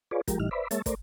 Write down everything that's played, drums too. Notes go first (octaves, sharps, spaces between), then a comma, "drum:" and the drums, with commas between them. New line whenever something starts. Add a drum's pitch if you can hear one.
F4 G#4 B4 C#5 D5
F3 G#3 G4 A#4, drum: kick, hi-hat
A2 E3 G3 D#4 F6
B4 C5 D5 E5 B5
G#3 A#3 C#5 E5 A5, drum: hi-hat
A3 A#4 C5 D5, drum: kick, hi-hat